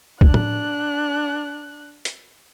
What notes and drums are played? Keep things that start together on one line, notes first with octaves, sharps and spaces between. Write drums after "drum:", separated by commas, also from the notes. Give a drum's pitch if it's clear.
D4 F#6, drum: kick
drum: tom A2
drum: hi-hat